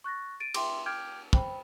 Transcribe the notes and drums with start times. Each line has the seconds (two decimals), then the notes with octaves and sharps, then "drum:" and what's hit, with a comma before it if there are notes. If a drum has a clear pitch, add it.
0.04 C#6 F#6 A6 A#6
0.40 A6 D7 D#7
0.54 E5 G5 C6 D6, drum: cymbal
0.86 G5 D6 F6 G6 G#6 D7
1.33 C5 G5 B5, drum: kick